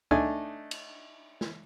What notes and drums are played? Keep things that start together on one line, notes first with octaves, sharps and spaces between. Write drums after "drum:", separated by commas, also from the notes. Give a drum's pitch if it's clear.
A3 D4 D#4 G#5, drum: kick C#2
drum: cymbal
drum: snare